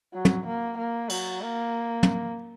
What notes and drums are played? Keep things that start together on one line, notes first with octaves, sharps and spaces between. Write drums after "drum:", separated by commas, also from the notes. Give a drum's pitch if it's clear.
F#3
drum: tom
A#3
A#3
F#3, drum: cymbal
A#3
drum: tom